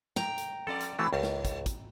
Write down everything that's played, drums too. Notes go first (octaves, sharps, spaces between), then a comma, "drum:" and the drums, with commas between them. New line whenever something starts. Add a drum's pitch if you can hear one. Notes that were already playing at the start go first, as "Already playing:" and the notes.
G5 A#5, drum: snare
drum: hi-hat
F2 E4 A4 D5
drum: hi-hat
E3 A3 C4 E4 F#4
C#2 G#3
drum: snare
drum: kick, hi-hat
drum: kick, hi-hat